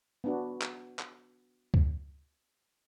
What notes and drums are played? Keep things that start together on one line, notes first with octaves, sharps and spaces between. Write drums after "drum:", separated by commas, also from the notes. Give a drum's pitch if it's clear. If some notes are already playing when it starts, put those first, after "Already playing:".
B3 D4 F#4
drum: clap
drum: clap
drum: kick C#2